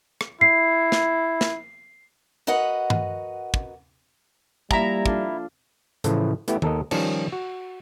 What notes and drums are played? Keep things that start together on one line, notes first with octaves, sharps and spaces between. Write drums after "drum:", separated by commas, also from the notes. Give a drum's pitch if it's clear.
drum: rim click
E4 C7
drum: snare
drum: snare
F#4 A#4 B4 D#5 F#5
drum: tom G2
drum: kick
F3 G3 A#3 E4 A#5, drum: kick
D4 F4 A4, drum: kick
A2 C#3 E3 F3 A3, drum: hi-hat
A3 B3 E4 G4, drum: hi-hat
D#2 A4 A#4 D#5, drum: tom D#3
D#3 F3 G3 C#4 A5, drum: cymbal
F#4